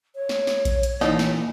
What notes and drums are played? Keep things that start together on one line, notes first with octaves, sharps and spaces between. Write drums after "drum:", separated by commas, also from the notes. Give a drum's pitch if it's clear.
C#5
drum: snare
drum: snare
drum: kick A#1, hi-hat
drum: hi-hat
A#2 E3 D#4 A4, drum: snare
drum: snare